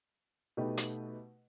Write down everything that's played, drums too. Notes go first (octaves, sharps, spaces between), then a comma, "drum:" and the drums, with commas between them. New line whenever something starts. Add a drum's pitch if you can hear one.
B2 A3 D#4 G4 B4
drum: hi-hat